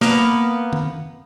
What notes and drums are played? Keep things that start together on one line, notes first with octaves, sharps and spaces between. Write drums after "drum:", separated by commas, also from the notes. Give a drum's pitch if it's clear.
A#3 B3 F5, drum: snare
drum: tom